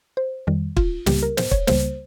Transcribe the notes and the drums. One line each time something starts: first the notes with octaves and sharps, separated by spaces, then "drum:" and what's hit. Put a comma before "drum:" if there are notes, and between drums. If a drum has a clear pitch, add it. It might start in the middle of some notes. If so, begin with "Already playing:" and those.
C5
F2 D#3 G3
F4, drum: kick
C#2 C#3 G3 A#3 G4, drum: snare
A#4
C5, drum: snare
C#5, drum: kick
C#2 C#3 G3 A#3 C5, drum: snare